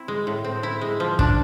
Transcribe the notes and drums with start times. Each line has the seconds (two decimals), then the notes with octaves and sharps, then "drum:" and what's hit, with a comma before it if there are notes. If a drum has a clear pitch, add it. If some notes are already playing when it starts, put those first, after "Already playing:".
Already playing: C4 E4
0.08 G#3
0.27 A2
0.44 C4
0.63 E4
0.81 G#3
1.00 F3
1.19 D4, drum: kick